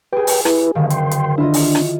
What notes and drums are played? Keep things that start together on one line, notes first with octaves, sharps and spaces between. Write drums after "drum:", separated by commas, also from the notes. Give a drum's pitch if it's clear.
G4 G#4 B4 G5
drum: open hi-hat
E4 B4, drum: rim click
F#1 D3 D#3 F5
G5 C6, drum: hi-hat
drum: hi-hat
D4 E4 F4 D#5
drum: open hi-hat
drum: rim click